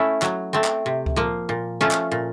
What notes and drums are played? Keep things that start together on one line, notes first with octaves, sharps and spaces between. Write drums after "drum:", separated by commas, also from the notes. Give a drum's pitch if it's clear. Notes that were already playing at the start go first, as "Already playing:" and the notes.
Already playing: A3 C#4 E4
F#3, drum: clap
A3 C4
drum: clap
C3
drum: kick C#2
F3 A#3
A#2
F3 A3 C#4 F4
drum: clap
A#2